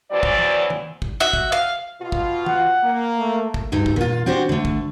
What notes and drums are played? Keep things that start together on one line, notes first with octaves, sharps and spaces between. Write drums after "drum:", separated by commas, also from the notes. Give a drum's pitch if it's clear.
E2 E3 F#3 C4 D5
drum: kick
drum: tom
drum: tom D#3
drum: kick
F#4 E5
drum: kick
F5
B2 F4
drum: kick
F#5, drum: tom D#3
A#3
A3
drum: kick
D2 G2 D#4
drum: kick
A#2 F4
C4 D4 F#4 G4 C5
D3 A3
drum: kick